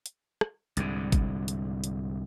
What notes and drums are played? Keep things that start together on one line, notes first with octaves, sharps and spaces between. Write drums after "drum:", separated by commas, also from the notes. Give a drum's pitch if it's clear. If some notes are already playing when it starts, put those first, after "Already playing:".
drum: hi-hat
drum: rim click
C2 G#2 D3, drum: hi-hat
drum: kick, hi-hat
drum: hi-hat
drum: hi-hat